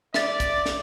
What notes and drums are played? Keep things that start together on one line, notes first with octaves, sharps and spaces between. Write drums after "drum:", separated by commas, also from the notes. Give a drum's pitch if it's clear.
D5 E5 A6, drum: snare
drum: kick, hi-hat
drum: snare